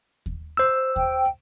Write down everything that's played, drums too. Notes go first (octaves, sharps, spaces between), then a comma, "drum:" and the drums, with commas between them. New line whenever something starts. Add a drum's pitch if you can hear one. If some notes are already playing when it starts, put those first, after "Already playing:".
drum: kick D#2
C5 E6
G5, drum: kick D#2